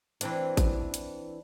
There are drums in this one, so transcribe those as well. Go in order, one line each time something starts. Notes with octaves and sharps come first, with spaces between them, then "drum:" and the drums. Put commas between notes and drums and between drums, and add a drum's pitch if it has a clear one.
E3 C4 D4, drum: hi-hat
drum: kick G#1, hi-hat
drum: hi-hat